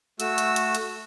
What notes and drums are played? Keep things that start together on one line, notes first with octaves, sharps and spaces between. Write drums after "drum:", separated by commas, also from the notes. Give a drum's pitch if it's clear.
A3 F#4 E6, drum: hi-hat
drum: hi-hat
drum: hi-hat
drum: hi-hat